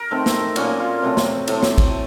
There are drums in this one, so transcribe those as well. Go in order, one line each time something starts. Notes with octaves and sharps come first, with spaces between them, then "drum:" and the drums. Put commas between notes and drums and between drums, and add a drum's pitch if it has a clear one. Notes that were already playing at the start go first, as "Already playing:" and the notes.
Already playing: A#4
D#3 A3 C4
drum: snare
A#2 F#3 A#3 C#4 F#4, drum: cymbal
F4
C3 F#3 A3 C4
drum: snare
A2 F#3 A3 C4, drum: cymbal
drum: snare
drum: kick, cymbal